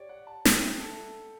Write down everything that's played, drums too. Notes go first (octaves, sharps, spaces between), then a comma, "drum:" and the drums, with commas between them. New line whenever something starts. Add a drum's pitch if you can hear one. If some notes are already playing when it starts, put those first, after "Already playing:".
Already playing: G4 C#5 D5
F#5
A5
G5, drum: snare
E5
A4